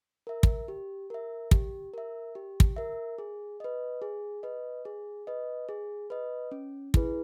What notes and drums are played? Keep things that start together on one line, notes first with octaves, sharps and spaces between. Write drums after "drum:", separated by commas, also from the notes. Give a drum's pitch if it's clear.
A#4 E5
drum: kick
G4
A#4 E5
G4, drum: kick
A#4 E5
G4
drum: kick
A#4 E5
G#4
B4 D#5
G#4
B4 D#5
G#4
B4 D#5
G#4
B4 D#5
C#4
E4 G#4 B4, drum: kick